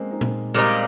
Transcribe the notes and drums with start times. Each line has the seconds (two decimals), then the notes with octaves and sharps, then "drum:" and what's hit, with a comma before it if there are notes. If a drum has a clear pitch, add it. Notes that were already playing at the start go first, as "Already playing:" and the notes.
Already playing: G#3 A#3 C4
0.11 C4 D#4
0.21 drum: tom A#2
0.54 A#2 G3 G#3 A#3 C4 D#4